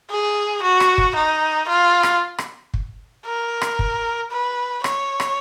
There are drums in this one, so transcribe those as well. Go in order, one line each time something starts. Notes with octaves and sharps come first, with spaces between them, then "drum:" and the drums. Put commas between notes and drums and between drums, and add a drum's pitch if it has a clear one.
G#4
F#4
drum: rim click
drum: kick
D#4
F4
drum: rim click
drum: rim click
drum: kick
A#4
drum: rim click
drum: kick
B4
C#5, drum: rim click
drum: rim click